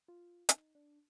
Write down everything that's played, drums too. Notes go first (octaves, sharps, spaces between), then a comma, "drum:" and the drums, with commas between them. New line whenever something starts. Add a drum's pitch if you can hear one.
F4
D#4, drum: hi-hat
D4